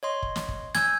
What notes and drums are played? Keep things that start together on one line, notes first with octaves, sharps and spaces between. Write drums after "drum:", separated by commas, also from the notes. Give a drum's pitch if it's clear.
C#5 D#5 C6
drum: kick
drum: snare
drum: kick
G#5 E6 G6 G#6, drum: snare